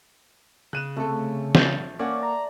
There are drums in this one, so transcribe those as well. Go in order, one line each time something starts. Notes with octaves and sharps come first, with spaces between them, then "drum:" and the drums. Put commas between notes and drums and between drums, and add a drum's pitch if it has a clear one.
C#3 F#6 D#7 E7
C3 A3 A4
A#1 G6 A6, drum: snare
A#3 C#4 D5 F#5
A#5